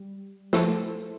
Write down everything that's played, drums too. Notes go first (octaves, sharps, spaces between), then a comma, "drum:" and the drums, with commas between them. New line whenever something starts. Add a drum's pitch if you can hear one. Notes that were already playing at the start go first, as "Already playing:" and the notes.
Already playing: G3
F3 A3 E4 A4 C5, drum: snare